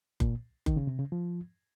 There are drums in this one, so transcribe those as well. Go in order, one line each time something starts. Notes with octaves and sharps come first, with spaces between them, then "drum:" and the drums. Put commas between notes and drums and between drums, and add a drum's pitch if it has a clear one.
A#2, drum: kick F#1
D#3, drum: kick F#1
C#3
C3
C#3
F3